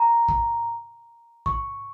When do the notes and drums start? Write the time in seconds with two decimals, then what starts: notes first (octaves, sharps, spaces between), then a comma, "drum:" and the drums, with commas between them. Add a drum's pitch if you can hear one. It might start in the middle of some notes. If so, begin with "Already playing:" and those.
Already playing: A#5
0.29 drum: kick A#1
1.46 C#6, drum: kick A#1